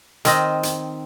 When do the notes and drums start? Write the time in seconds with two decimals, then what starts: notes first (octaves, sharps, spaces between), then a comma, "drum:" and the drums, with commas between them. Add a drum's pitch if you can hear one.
0.25 D#3 C4 D#5, drum: hi-hat
0.63 drum: hi-hat